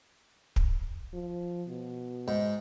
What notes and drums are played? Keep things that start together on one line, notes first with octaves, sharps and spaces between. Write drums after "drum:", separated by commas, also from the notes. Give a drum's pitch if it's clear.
drum: kick
F3
B2
G#2